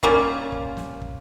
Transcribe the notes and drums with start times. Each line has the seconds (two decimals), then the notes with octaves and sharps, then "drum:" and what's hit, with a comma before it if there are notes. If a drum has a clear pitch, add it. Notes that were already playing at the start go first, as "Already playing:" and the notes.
0.03 G3 A#3 C#4 F4, drum: kick
0.52 drum: kick
0.77 drum: snare
1.02 drum: kick